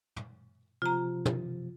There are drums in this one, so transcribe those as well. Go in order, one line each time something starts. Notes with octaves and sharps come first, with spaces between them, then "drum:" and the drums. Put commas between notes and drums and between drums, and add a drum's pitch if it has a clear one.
drum: tom
C3 F3 F4 A#5
drum: tom